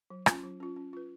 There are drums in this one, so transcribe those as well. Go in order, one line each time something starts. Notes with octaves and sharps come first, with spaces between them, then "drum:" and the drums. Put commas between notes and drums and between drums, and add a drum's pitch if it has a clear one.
F#3
C#4 F4, drum: rim click
F#3
C#4 F4
C#4
F4 B4